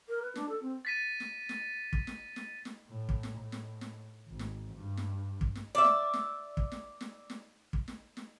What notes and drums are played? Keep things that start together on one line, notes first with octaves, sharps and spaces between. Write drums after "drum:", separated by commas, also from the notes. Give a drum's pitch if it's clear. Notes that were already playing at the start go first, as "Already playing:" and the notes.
A#4
B4
D4, drum: snare
A4
C4
A6 B6 D#7
drum: snare
drum: snare
drum: kick
drum: snare
drum: snare
drum: snare
A2
drum: kick
drum: snare
A2
drum: snare
drum: snare
G#1
drum: snare
G2
drum: snare
drum: kick
drum: snare
D5 E5
drum: snare
drum: snare
drum: kick
drum: snare
drum: snare
drum: snare
drum: kick
drum: snare
drum: snare